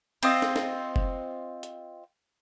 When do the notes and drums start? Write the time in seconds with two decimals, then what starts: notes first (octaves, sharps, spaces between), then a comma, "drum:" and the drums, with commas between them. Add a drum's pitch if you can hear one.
0.23 C4 F4 D#5, drum: cymbal
0.42 drum: snare
0.56 drum: snare
0.96 drum: kick
1.63 drum: hi-hat